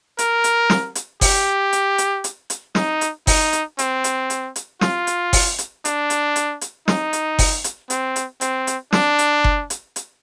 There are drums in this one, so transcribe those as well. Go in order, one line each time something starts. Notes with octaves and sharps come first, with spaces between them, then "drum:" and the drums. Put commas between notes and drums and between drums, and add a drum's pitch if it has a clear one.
A#4, drum: hi-hat
drum: hi-hat
drum: snare
drum: hi-hat
G4, drum: kick F#1, open hi-hat
drum: hi-hat
drum: hi-hat
drum: hi-hat
drum: hi-hat
D#4, drum: snare
drum: hi-hat
D#4, drum: kick F#1, open hi-hat
drum: hi-hat
C4, drum: hi-hat
drum: hi-hat
drum: hi-hat
drum: hi-hat
F4, drum: snare
drum: hi-hat
drum: kick F#1, open hi-hat
drum: hi-hat
D4, drum: hi-hat
drum: hi-hat
drum: hi-hat
drum: hi-hat
D#4, drum: snare
drum: hi-hat
drum: kick F#1, open hi-hat
drum: hi-hat
C4, drum: hi-hat
drum: hi-hat
C4, drum: hi-hat
drum: hi-hat
D4, drum: snare
drum: hi-hat
drum: kick F#1
drum: hi-hat
drum: hi-hat